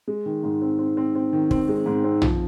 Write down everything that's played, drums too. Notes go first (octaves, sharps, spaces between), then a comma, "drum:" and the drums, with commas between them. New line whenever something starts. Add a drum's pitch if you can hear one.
G#3
D#3
G#2
C4
C4
C4
C4
D#3
C4, drum: kick
G#3
G#2
C4
F3, drum: tom